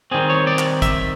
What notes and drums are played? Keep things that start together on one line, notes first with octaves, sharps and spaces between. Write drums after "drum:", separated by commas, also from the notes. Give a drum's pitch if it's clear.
D#3 G3 C4 G#4
C#5
D5
drum: clap
E5, drum: kick, hi-hat